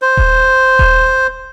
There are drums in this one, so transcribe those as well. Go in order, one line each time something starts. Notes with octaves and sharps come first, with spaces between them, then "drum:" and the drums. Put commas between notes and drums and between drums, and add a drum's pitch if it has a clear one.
C5
drum: kick D#1
drum: kick D#1